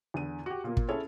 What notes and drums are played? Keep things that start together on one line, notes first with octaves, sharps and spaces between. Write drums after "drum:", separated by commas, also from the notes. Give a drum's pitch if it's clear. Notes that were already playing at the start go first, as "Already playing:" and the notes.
E2 D3 D#7
F#4 G4
A#2 A#3
drum: kick
C#4 E4 G#4 A4 C#5